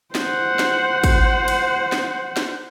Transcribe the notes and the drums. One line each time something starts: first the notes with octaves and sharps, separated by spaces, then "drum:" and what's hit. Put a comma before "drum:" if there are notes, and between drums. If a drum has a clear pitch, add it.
C5 F#5, drum: snare
drum: snare
drum: kick, cymbal
drum: cymbal
drum: snare
drum: snare